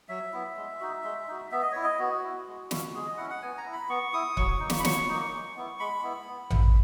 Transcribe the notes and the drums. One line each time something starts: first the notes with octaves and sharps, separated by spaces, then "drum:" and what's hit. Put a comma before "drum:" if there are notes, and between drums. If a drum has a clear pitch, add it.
F#3 E5
B3 E4
G#3
D#4 F#4
G#3
D#4 F#4
B3 E5
D#5
E4 C#5
D#5
B3 F#4
E4
G#3
C#4 E4, drum: snare
G#3 G#4
D#5
C#4 E4 F#5
F#5
B3 G#5
A#5
E4
B5
B3 C#6
E4 D#6
F#3 C#6, drum: kick
A#3 D#4
drum: snare
B5
F#3 C#6, drum: snare
A#3 D#4
G#3
B3 E4
G#3 B5
B3 E4
B3
E4, drum: tom A1